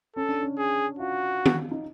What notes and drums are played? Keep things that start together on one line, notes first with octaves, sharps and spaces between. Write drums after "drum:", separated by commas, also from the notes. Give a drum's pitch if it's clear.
C#4 A4
D4
C#4
G#4
F4 F#4
drum: tom
D#4